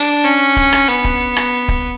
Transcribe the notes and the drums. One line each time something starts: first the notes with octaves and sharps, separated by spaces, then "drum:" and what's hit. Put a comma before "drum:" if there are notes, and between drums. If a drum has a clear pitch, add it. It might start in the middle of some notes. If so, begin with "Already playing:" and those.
Already playing: D4
C#4
drum: kick D1
drum: rim click
B3
drum: kick D1
drum: rim click
drum: kick D1